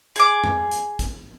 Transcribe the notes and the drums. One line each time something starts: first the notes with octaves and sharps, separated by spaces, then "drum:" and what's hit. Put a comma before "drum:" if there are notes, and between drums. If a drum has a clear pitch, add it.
G#4 D6, drum: hi-hat
drum: tom F2
drum: hi-hat
drum: kick, hi-hat